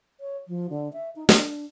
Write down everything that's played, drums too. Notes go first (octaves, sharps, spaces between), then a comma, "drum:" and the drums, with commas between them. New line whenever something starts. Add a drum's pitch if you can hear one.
C#5
F3
D3
E5
D#4
D4, drum: snare